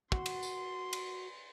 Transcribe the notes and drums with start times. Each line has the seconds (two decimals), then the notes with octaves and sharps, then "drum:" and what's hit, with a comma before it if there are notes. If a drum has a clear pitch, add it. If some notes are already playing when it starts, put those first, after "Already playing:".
0.12 F#4 F#5 C6, drum: kick
0.26 drum: cymbal
0.43 drum: tambourine
0.93 drum: cymbal